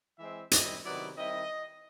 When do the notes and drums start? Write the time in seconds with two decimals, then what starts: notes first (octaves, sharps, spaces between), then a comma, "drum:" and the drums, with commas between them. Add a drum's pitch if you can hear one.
0.19 E3 G#3 C4 E5
0.51 F#2 D#3 G3 C4 E4 D#5, drum: hi-hat
0.85 C3 D#3 F#3 B3 E4 D5
1.17 D#3 G3 C4 E4 D#5